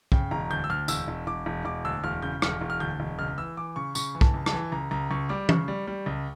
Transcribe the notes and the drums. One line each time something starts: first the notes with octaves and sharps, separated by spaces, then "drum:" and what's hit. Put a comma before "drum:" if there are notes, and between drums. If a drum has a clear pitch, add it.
C#3 G5, drum: kick
E1 A#5
D2 G6
E6
D2 F6
E1 E6, drum: tambourine
E1
E1 D6
E1
E1 D6
D2 E6
E1 F6
C#3 G6
E1 F6, drum: rim click
E1
F6
D2 G6
E1
C#2 F6
E3 E6
E3 D6
C#3 C#6
C#3 C#6, drum: tambourine
E3
A5, drum: kick
C#2
A5, drum: rim click
E3
C#2 A#5
C#2 A#5
C#2 C#6
G3 D6
C#3 C#6, drum: tom E3
G3
G3
C#2